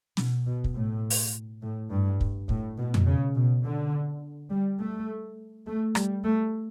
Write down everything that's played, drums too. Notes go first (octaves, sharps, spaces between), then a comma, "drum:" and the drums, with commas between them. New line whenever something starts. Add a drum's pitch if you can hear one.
B2, drum: snare
B2
drum: kick
A2
drum: open hi-hat
A2
G2
drum: kick
A2, drum: kick
B2
drum: tom F2
C#3
B2
D3
G3
A3
A3
G3, drum: rim click
A3